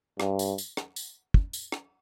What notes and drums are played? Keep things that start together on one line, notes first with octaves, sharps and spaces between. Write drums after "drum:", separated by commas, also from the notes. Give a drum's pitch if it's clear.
G2, drum: rim click
drum: tambourine
drum: tambourine
drum: rim click
drum: tambourine
drum: kick
drum: tambourine
drum: rim click